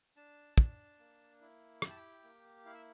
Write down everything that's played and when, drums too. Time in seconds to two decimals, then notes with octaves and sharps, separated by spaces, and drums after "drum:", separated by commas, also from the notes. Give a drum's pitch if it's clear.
0.17 D4 A5
0.58 D4, drum: kick
0.99 A#3
1.41 E4
1.82 G4 G5, drum: rim click
1.90 A5
1.97 G5
2.24 A#3
2.65 E4 F5
2.74 E5